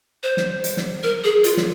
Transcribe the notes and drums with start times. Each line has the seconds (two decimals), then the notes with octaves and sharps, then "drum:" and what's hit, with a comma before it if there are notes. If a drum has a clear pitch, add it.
0.23 C5
0.37 drum: snare
0.64 drum: hi-hat
0.77 drum: snare
1.03 A#4
1.24 G#4
1.44 F4, drum: hi-hat
1.57 drum: snare